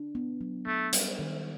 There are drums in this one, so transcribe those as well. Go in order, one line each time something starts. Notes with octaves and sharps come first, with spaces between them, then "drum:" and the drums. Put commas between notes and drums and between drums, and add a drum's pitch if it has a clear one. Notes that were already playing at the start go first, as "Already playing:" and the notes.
Already playing: D4
B3
F#3
A3 B3
G3, drum: hi-hat
D#3